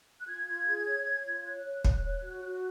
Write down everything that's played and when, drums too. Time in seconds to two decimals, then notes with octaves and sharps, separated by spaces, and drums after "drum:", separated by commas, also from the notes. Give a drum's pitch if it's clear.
0.21 F#6
0.27 F4 G#6
0.46 F4
0.66 G#4
0.86 C#5
1.06 C#5
1.25 F4
1.45 C#5 F#6
1.65 C#5
1.85 C#5, drum: kick
2.04 C#5
2.24 F#4
2.44 F#4